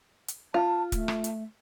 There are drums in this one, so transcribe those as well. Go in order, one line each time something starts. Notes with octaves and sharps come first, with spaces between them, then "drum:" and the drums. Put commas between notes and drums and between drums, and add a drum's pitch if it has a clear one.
drum: hi-hat
F4 A5
A3, drum: kick, hi-hat
drum: rim click
drum: hi-hat